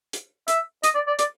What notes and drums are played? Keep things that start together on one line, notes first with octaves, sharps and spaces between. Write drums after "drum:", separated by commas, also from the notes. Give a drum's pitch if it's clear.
drum: hi-hat
E5, drum: hi-hat
D#5, drum: hi-hat
D5
D5
D5, drum: hi-hat